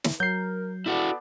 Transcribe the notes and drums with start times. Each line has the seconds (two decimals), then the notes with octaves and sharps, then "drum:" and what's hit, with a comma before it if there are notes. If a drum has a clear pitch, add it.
0.04 drum: snare
0.20 F#3 A#4 G6 C7
0.86 B3 E4 F#4 A4 D5